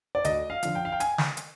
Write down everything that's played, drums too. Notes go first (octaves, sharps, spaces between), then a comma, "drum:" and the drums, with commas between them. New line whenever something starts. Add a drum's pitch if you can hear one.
D5
D2 D#5, drum: hi-hat
F5
D3 F3, drum: hi-hat
G5
F5
G5
G#5, drum: hi-hat
drum: snare
drum: hi-hat